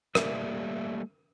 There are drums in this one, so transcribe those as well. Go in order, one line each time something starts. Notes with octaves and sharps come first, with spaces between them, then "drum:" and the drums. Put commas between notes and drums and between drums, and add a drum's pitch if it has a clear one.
G3 A3 A#3 G4 D5 E5, drum: rim click